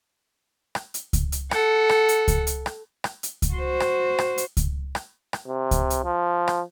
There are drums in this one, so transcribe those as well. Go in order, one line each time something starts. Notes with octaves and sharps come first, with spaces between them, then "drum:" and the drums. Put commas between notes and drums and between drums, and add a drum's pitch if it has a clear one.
drum: rim click
drum: hi-hat
drum: kick C#2, hi-hat
drum: hi-hat
A4 F#5, drum: rim click
drum: rim click
drum: hi-hat
drum: kick C#2, hi-hat
drum: hi-hat
drum: rim click
drum: rim click
drum: hi-hat
drum: kick C#2, hi-hat
F#4 C5
drum: rim click
drum: rim click
drum: hi-hat
drum: kick C#2, hi-hat
drum: rim click
drum: rim click
C3
drum: kick C#2, hi-hat
drum: hi-hat
F3
drum: rim click